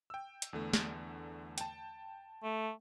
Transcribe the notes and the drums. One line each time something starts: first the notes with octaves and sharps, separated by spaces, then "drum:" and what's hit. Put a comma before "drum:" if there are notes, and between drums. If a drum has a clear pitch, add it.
G5 E6
drum: hi-hat
E2 D3 A3
drum: snare
G5 A5, drum: hi-hat
A3